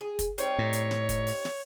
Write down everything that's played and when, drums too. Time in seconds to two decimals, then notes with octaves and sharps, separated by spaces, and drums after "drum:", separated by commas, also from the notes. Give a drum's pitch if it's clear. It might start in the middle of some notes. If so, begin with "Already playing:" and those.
0.01 G#4
0.19 drum: kick, hi-hat
0.38 G3 C4 D#4 C#5, drum: hi-hat
0.59 A2
0.73 drum: hi-hat
0.91 drum: snare
1.09 drum: kick, hi-hat
1.27 drum: open hi-hat
1.45 drum: snare